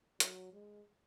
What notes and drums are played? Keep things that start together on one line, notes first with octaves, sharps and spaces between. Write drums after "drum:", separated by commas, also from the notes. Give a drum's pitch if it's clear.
F#3, drum: hi-hat
G#3